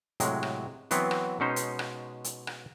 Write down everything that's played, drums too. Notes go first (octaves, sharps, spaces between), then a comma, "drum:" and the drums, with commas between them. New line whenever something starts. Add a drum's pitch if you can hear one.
A2 C3 F#3 G#3, drum: hi-hat
drum: rim click
E3 F#3 B3 C4, drum: hi-hat
drum: rim click
B2 G#3 C#4 D#4 C5
drum: hi-hat
drum: rim click
drum: hi-hat
drum: rim click